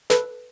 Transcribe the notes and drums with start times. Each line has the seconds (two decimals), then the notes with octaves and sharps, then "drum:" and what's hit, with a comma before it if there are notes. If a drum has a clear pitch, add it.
0.10 A4 B4, drum: snare